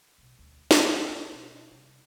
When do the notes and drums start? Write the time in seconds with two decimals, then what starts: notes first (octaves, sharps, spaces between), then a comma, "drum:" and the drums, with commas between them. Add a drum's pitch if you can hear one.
0.18 B1 B2
0.39 D2 D3
0.71 C2, drum: snare
1.09 D4
1.32 B2 C4
1.70 C2